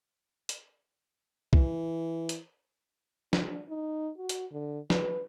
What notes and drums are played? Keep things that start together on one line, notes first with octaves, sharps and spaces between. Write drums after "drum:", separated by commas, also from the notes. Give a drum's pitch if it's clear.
drum: hi-hat
E3, drum: kick C2
drum: hi-hat
D4, drum: snare
D#4
F#4
drum: hi-hat
D3
B4, drum: snare